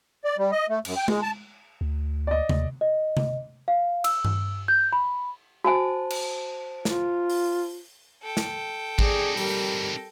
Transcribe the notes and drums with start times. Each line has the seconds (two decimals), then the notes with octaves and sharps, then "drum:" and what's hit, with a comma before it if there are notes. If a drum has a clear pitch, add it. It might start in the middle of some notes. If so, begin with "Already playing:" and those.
0.24 D5
0.38 G3
0.52 D#5
0.69 A3
0.85 F#2, drum: cymbal
0.97 G5
1.08 G#3, drum: tom G#3
1.22 A5
1.81 D2
2.27 D5 D#5
2.49 D#2, drum: tom C3
2.81 D#5
3.17 drum: tom C3
3.68 F5
4.04 E6, drum: cymbal
4.25 drum: tom G2
4.68 G6
4.93 B5
5.64 F#4 C5 G#5 A5
6.10 drum: cymbal
6.85 F4, drum: snare
7.30 drum: open hi-hat
8.22 A4 G5
8.37 drum: snare
8.99 C4 D#4 G#4 D5, drum: kick G#1
9.37 G3 A#4, drum: open hi-hat